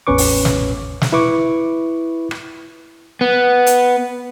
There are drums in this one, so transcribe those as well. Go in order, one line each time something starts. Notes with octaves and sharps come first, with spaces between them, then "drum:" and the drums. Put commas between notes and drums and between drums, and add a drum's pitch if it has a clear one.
A1 E2 C#4 B4 C#6 D6
drum: open hi-hat
drum: snare
drum: snare
E4 B4 C#6 D6
drum: rim click
B3
drum: hi-hat